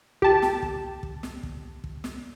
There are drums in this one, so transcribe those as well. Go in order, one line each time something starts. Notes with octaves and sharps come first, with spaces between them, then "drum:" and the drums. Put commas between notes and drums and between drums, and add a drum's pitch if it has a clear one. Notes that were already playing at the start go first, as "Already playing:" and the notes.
G4 A5, drum: kick
drum: snare
drum: kick
drum: kick
drum: snare
drum: kick
drum: kick
drum: snare